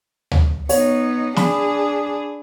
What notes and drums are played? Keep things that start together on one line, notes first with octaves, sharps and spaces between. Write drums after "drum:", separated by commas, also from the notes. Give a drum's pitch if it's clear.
drum: tom D2
B3 D#4 C#5, drum: open hi-hat
D4 G#4 B5, drum: snare